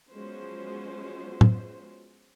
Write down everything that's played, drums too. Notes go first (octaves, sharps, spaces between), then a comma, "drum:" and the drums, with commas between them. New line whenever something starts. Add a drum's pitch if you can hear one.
F3 F#3 G#3 B3 C#4 C5
drum: tom A2